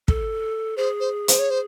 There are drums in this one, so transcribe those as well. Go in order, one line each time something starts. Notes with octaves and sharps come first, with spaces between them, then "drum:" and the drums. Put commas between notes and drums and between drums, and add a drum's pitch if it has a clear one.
A4, drum: kick
G#4 C5
C5
C5, drum: hi-hat
C#5
C5